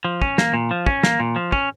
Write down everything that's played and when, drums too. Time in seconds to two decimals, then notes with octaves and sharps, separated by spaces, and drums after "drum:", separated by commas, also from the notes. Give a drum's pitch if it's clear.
0.05 F3
0.22 C#4, drum: kick
0.38 A#3, drum: snare
0.54 A#2
0.71 F3
0.86 C#4, drum: kick
1.03 A#3, drum: snare
1.20 A#2
1.36 F3
1.52 C#4, drum: kick